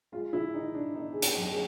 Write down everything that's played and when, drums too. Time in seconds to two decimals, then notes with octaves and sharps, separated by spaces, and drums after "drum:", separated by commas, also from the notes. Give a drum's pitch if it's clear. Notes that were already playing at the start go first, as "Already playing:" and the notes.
0.12 G#3 F4
0.33 E4
0.54 D#3 D#4
0.74 D4
0.95 B3 D#4
1.13 G#4
1.22 G4, drum: hi-hat
1.36 F#2
1.50 G#4